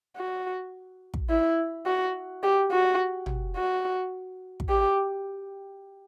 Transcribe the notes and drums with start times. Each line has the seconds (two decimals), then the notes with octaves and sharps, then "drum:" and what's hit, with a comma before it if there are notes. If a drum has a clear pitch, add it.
0.16 F#4
1.14 drum: kick
1.30 E4
1.86 F#4
2.43 G4
2.72 F#4
3.26 drum: tom
3.57 F#4
4.60 drum: kick
4.69 G4